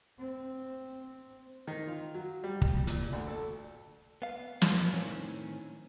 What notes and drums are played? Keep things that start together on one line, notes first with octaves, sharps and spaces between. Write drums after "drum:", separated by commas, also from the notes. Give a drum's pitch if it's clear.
C4
D#3
F4
F#3
G3
drum: kick
A#2, drum: hi-hat
D2
A4
B3 F5
E2 A#2 F#3 C#4, drum: snare
A2 D#3 C4 C#4